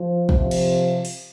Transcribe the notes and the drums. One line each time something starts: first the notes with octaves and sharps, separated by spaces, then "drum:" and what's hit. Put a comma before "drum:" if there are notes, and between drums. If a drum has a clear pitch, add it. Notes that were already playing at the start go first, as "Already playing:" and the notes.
Already playing: F3
C3 F3, drum: kick
drum: cymbal
drum: open hi-hat